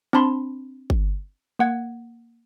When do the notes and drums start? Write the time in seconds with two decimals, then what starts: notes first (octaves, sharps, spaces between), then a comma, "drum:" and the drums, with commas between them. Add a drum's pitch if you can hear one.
0.13 C4 D4 A5 B5 C6
0.90 drum: kick G1
1.59 A#3 F#5 G#6